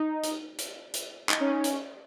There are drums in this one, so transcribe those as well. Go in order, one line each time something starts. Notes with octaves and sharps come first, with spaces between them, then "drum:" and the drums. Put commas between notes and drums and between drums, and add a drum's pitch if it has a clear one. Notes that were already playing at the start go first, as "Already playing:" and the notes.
Already playing: D#4
drum: hi-hat
drum: hi-hat
drum: hi-hat
D#4, drum: clap
C#4
C#4
drum: hi-hat